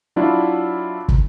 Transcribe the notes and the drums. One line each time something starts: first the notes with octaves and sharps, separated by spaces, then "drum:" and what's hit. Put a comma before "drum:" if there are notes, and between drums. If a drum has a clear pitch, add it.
F#3 D4 E4 F4
drum: kick